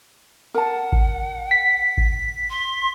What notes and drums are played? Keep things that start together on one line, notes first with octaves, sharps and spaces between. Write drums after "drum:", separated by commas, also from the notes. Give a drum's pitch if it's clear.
A#4 F#5 A5
drum: kick G#1
B6
drum: kick G#1
C6